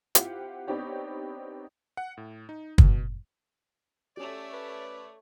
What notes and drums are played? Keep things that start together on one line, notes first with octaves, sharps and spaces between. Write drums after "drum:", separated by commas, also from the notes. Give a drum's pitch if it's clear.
C4 E4 F4 G4 F5 F#5, drum: hi-hat
B3 C4 D4 D#4 G4 C#5
F#5
A2
D#4
B2, drum: kick
A3 C#4 G4 C#5 D5
B4